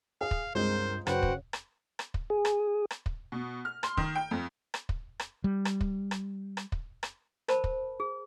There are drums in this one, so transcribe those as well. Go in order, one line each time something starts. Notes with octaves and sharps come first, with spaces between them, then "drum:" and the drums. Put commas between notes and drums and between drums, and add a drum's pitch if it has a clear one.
G#4 F5
drum: kick
C#2 G2 G#3 C4 A#4 C5 G6
F#2 C#3 F#4 B4 C5 F#5 G5, drum: rim click
drum: kick
drum: rim click
drum: rim click
drum: kick
G#4
drum: rim click
drum: rim click
drum: kick
B2
F6
C6, drum: rim click
D#3, drum: kick
G5
F2
drum: rim click
drum: kick
drum: rim click
G3
drum: rim click
drum: kick
drum: rim click
drum: rim click
drum: kick
drum: rim click
A#4 C5 A5 B5, drum: rim click
drum: kick
G#4